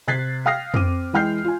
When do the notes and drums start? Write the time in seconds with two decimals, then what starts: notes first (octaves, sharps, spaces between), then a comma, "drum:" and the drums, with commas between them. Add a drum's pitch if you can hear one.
0.08 C3 F#6 G#6 A6 B6 C7
0.46 F5 G5 D#6 F6 A#6 C7
0.74 C4 D6 D#7, drum: tom F2
1.13 E3 G#3 G5 F6 G6 C7
1.44 F4 G#5